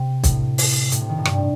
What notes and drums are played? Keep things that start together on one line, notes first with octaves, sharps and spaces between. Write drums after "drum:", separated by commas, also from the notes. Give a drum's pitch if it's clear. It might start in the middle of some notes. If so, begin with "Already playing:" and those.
Already playing: C3
A2, drum: kick B1, hi-hat
drum: open hi-hat
A2, drum: hi-hat
C3
D#3
A2
G2, drum: rim click
A2